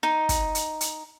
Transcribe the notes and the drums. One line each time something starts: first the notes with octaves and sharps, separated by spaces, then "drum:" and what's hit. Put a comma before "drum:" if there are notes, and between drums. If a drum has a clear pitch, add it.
D#4
drum: kick, hi-hat
drum: hi-hat
drum: hi-hat